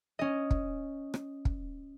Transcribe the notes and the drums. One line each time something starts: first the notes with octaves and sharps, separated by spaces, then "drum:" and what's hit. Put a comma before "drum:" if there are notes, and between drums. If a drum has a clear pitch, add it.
C#4 D#5
drum: kick
drum: rim click
drum: kick